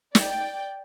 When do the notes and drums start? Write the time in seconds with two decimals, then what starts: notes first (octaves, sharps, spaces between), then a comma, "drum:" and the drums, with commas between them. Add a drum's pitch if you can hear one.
0.15 D5 G5, drum: snare